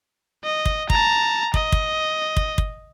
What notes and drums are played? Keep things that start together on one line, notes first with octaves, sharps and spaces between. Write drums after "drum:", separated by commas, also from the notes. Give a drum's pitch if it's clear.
D#5
drum: kick
A5 A#5, drum: kick
D#5, drum: kick
drum: kick
drum: kick
drum: kick